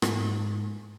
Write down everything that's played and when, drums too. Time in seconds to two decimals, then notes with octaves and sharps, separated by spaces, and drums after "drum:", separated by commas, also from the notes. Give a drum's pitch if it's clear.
0.02 G#2, drum: rim click